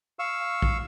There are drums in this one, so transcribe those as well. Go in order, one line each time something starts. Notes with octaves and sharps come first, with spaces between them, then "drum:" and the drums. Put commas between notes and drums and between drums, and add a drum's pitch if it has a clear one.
F5 C#6 E6
drum: kick